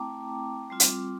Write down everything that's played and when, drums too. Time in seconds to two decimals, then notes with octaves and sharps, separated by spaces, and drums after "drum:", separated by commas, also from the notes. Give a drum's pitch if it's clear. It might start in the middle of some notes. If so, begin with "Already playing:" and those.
Already playing: A3 C4 E4 G5 A5 A#5 D6
0.70 G3 C4 F4
0.80 drum: hi-hat